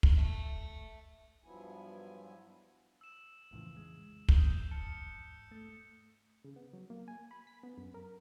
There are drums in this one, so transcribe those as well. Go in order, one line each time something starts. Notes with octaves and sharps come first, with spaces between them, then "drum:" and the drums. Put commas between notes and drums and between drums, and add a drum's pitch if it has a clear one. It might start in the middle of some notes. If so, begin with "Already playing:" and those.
drum: kick
E5 A5
G2 F3 F#3 B3 E4 G#5
E6 E7
A#1 F2 A2 C#3 E3 F3
G#3
E2 F3 D#6 G6, drum: kick
E2 G#2 A5 F6 C#7
A3
C#3
B3
F#3
A#3
G#5
B5
B6
B3
F#2
A#4